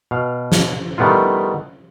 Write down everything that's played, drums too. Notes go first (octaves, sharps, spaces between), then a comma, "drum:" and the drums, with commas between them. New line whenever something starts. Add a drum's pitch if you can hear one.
B2 F5
drum: snare
D#3 G3 A3 B3 E4 F4